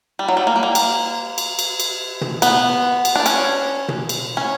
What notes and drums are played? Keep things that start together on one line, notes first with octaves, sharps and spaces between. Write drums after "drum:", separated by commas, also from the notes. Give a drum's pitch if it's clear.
G3
F#3
G3
A#3
G3
A#3
drum: cymbal
drum: cymbal
drum: cymbal
drum: cymbal
drum: tom
B3, drum: cymbal
drum: cymbal
D4
C#4, drum: cymbal
drum: tom
drum: cymbal
C#4